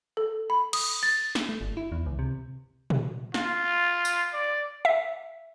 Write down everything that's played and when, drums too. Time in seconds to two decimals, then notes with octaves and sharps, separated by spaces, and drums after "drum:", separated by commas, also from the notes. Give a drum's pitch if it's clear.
0.17 A4
0.50 B5
0.73 D#6, drum: cymbal
1.03 A6
1.35 drum: snare
1.49 A3
1.61 G1
1.77 E4
1.92 E2
2.06 C#2
2.19 C3
2.90 drum: tom A#2
3.34 F4, drum: snare
4.05 drum: tambourine
4.33 D5
4.85 E5